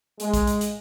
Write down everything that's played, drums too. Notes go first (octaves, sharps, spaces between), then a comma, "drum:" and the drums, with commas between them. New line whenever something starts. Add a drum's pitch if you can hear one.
G#3, drum: hi-hat
drum: kick A#1, hi-hat
drum: hi-hat
drum: hi-hat